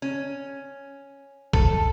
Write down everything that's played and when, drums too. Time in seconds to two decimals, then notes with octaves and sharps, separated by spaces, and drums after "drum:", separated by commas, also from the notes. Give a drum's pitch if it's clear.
0.02 C#4
1.53 A4, drum: kick